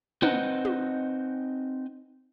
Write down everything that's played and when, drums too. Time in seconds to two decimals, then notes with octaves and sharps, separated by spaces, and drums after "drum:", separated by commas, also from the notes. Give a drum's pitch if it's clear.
0.22 C4 D#4 B4 C5 D#5 F#5, drum: tom
0.65 drum: tom